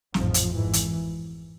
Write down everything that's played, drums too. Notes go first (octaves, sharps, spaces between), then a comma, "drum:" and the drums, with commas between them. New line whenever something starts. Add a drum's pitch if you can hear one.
A1 F2 G#2 F3, drum: snare
drum: hi-hat
G#1 G#2 E3
drum: hi-hat